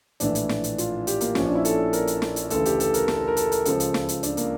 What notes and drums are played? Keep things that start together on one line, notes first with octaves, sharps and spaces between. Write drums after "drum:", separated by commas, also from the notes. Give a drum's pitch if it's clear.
A#1 A2 E3 D4, drum: hi-hat
drum: hi-hat
drum: snare
drum: hi-hat
F4, drum: hi-hat
G4, drum: hi-hat
A#3, drum: hi-hat
A#1 A#2 F3 C#4, drum: snare
D4
E4
A4, drum: hi-hat
A#4, drum: hi-hat
drum: hi-hat
drum: snare
drum: hi-hat
D2 C#3 E3 A4, drum: hi-hat
G4, drum: hi-hat
A4, drum: hi-hat
A#4, drum: hi-hat
A4, drum: snare
A#4
A#4
A4, drum: hi-hat
A#4, drum: hi-hat
C#2 C#3 F3 A4, drum: hi-hat
drum: hi-hat
drum: snare
drum: hi-hat
D4, drum: hi-hat
A#3, drum: hi-hat